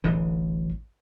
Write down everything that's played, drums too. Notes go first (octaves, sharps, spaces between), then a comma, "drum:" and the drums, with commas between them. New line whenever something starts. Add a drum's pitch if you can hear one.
D1 A1 E3, drum: kick
drum: kick